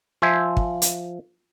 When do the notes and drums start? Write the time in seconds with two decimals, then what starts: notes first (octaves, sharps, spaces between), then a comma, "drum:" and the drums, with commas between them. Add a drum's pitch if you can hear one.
0.22 F3 C5 E5 G#5
0.57 drum: kick
0.82 drum: hi-hat